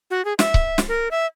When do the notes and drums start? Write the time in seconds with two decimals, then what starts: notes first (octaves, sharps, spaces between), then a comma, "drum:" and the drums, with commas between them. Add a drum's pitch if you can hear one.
0.11 F#4
0.25 G#4
0.39 E5, drum: snare
0.54 drum: kick C#1
0.78 drum: snare
0.88 A#4
1.11 E5